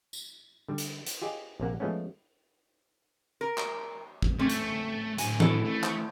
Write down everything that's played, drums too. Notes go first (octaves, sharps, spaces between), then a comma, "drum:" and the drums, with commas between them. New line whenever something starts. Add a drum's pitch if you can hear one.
drum: tambourine
D3 G3
drum: hi-hat
drum: hi-hat
F4 G4 G#4 D#5
A#1 C3 A#3 F#5
F3 G#3 A3 B3 C#4
A#4
drum: clap
drum: kick
A3 C4 C#4
drum: hi-hat
A2 F#3 G#5, drum: hi-hat
E4 A4, drum: tom D#3
A3
drum: clap